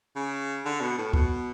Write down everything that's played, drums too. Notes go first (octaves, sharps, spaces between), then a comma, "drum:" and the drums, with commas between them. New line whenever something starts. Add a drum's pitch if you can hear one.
C#3
D3
B2
A2
B2, drum: kick C#2